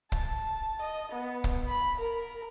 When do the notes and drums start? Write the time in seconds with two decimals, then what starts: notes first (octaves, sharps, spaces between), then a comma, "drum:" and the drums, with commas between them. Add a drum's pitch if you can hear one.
0.12 A5, drum: kick
0.81 D#5
1.11 B3
1.44 drum: kick
1.68 B5
2.00 A#4